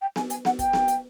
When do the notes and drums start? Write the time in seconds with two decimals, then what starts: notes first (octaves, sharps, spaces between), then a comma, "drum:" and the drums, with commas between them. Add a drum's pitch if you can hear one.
0.01 G5
0.16 G#5, drum: snare B3
0.30 G#5, drum: hi-hat
0.45 F#5, drum: snare B3
0.59 G5, drum: kick, hi-hat
0.73 drum: snare B3
0.88 drum: hi-hat